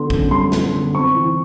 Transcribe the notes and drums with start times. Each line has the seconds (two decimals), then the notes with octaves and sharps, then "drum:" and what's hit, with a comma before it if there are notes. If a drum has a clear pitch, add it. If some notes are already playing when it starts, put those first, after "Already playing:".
Already playing: D3 B3 C6
0.10 F#2, drum: kick
0.31 G3 C6
0.52 B3, drum: snare
0.73 D3
0.94 C4 C#6
1.15 E3